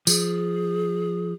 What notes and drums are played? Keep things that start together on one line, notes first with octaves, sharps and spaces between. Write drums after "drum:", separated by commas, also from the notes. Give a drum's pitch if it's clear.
F3 G#4, drum: tambourine